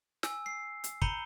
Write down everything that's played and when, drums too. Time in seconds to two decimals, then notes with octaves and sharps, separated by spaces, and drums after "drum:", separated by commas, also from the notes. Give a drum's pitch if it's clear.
0.23 G#5 E6, drum: snare
0.46 C7
0.84 drum: hi-hat
1.02 A#5 B5 G6 C#7 D#7 G7, drum: kick